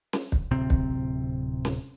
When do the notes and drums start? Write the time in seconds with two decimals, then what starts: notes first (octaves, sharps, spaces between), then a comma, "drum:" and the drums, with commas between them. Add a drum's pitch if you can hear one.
0.13 drum: snare
0.32 drum: kick
0.51 D1 C3 C4
0.70 drum: kick
1.65 drum: snare